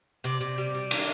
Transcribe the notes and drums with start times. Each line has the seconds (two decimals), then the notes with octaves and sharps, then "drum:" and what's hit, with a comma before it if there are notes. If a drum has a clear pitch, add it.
0.24 C3 D5
0.41 C3
0.58 G3
0.74 G3
0.91 D#3, drum: cymbal